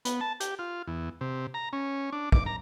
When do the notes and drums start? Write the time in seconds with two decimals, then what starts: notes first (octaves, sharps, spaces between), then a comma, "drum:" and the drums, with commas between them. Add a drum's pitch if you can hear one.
0.05 B3, drum: hi-hat
0.21 A5
0.40 G4, drum: hi-hat
0.59 F4
0.88 E2
1.21 C3
1.54 A#5
1.73 C#4
2.13 D4
2.32 D6, drum: kick
2.46 A#5